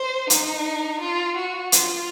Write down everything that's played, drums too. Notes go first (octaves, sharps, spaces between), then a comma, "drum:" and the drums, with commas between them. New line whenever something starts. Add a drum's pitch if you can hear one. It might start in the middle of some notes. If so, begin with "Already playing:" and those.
Already playing: C5
D#4, drum: hi-hat
F4
F#4
F4, drum: hi-hat